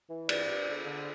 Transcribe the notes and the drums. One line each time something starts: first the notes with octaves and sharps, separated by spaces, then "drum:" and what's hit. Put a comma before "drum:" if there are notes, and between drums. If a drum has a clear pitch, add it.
E3
G2 D5, drum: cymbal
G2
D3
D3